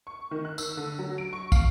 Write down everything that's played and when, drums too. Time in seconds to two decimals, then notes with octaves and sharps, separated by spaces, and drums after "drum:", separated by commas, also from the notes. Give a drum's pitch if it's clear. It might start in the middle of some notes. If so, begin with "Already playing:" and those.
0.07 C#6
0.31 D#3
0.45 F#6
0.58 E6, drum: tambourine
0.77 D3
0.99 F#3
1.18 D7
1.33 C#6
1.52 F5, drum: kick, tambourine